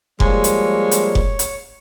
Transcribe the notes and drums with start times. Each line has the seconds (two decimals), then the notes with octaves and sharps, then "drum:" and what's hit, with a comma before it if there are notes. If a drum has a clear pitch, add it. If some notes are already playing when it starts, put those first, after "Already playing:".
0.20 F3 G3 G#3 A#3 C#5, drum: kick F1
0.44 drum: hi-hat
0.91 drum: hi-hat
1.15 drum: kick F1
1.39 drum: hi-hat